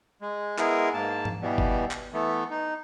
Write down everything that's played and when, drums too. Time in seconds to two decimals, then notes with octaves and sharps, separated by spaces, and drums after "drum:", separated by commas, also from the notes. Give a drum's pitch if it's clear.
0.22 G#3
0.58 G#3 B3 E4 G#4 A#4, drum: clap
0.93 G#2 A#3 A5
1.25 drum: tom G#2
1.42 B2 E3 G3 B3
1.58 drum: kick
1.91 drum: clap
2.13 E3 A3 B3
2.50 D#4